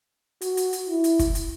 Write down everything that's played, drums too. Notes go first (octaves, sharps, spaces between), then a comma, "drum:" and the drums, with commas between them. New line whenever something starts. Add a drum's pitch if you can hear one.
F#4, drum: hi-hat
drum: hi-hat
drum: hi-hat
E4
drum: hi-hat
drum: kick, hi-hat
drum: hi-hat